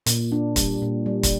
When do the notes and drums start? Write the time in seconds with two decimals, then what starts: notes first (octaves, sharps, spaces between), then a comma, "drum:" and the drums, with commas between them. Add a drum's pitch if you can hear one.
0.06 A#2, drum: hi-hat
0.32 D4
0.56 G3, drum: kick, hi-hat
0.82 A#2
1.06 G3
1.23 drum: kick, hi-hat